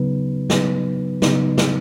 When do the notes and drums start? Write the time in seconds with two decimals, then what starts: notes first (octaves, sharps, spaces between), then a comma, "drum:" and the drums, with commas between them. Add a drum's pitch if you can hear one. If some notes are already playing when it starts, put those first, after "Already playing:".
Already playing: C#3 F#3 B3 D#4 B4
0.50 C#3 F#3 B3 D#4 B4, drum: snare
1.22 C#3 F#3 B3 D#4 B4, drum: snare
1.58 drum: snare